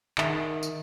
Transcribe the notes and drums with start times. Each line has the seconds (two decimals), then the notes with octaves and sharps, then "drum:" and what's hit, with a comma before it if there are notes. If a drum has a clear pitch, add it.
0.18 D#3 G#4 E5 F#5, drum: clap
0.63 drum: tambourine